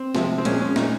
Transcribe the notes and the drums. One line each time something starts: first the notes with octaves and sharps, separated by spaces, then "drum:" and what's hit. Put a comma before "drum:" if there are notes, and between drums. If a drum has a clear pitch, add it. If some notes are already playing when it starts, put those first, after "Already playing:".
Already playing: C4
C3 F3 G#3, drum: snare
C4
A#2 F3 G#3 C#4, drum: hi-hat
C#4
A#2 G#3 D#4, drum: snare